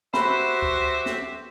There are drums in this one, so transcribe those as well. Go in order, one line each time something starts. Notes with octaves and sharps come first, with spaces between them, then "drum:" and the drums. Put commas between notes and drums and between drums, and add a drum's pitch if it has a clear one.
F#4 G4 B4 C5 E5 B5, drum: snare
drum: kick C#2
drum: snare